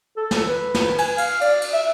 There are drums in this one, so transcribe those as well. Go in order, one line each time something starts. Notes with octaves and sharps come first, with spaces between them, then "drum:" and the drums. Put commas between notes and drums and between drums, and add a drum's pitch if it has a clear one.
A4
drum: snare
B4
drum: snare
G#5, drum: cymbal
F5, drum: cymbal
D5, drum: cymbal
drum: cymbal
E5